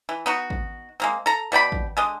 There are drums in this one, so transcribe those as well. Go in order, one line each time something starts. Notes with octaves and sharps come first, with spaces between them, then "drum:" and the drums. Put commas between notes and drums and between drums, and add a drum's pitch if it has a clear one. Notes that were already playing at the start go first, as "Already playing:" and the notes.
E3
B3 D#4 F#4
drum: kick
G#3 A#3 C4
A4 A#5
B2 D5 G5 B5
drum: kick
D3 G#3 D#5